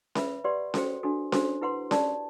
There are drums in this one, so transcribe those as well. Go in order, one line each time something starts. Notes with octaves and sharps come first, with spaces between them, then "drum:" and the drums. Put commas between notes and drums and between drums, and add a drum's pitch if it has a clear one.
B4 E5 B5, drum: snare C#4
G4 B4 D5 F#5 C6
F#4 A4 C5 G5, drum: snare C#4
D4 F#4 A4
D4 F#4 A4 C5, drum: snare C#4
E4 B4 F#5 C6
G4 D5 A5, drum: snare C#4